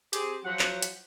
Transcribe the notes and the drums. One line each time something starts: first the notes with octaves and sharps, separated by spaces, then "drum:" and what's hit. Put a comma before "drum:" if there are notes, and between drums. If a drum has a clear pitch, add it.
C4 G4 G#4, drum: hi-hat
F3 F#3 F#5
drum: clap
drum: hi-hat